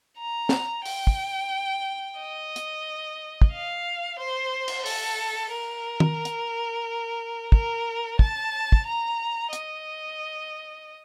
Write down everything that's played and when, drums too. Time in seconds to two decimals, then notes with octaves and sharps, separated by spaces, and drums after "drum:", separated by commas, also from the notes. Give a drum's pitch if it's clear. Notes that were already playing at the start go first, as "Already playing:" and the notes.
0.18 A#5
0.49 drum: snare
0.86 G5, drum: open hi-hat
1.07 drum: kick
2.19 D#5
2.56 drum: hi-hat
3.42 drum: kick
3.51 F5
4.19 C5
4.68 drum: cymbal
4.86 A4, drum: open hi-hat
5.52 A#4
6.00 drum: tom
6.25 drum: hi-hat
7.52 A#4, drum: kick
8.19 A5, drum: kick
8.72 drum: kick
8.86 A#5
9.53 D#5, drum: hi-hat